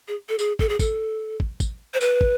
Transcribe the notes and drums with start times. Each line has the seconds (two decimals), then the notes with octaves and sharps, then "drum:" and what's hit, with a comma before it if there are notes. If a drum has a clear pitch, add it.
0.08 G#4
0.29 A4
0.39 G#4, drum: tambourine
0.59 A4, drum: kick
0.69 G#4
0.79 A4, drum: kick, tambourine
1.40 drum: kick
1.60 drum: kick, tambourine
1.94 C5
2.01 B4, drum: tambourine
2.21 drum: kick